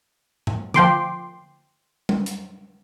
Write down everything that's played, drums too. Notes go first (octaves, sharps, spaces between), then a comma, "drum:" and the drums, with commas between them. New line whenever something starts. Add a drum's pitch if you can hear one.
drum: tom G2
F3 G5 C6 D6, drum: tom D3
drum: tom G3
drum: hi-hat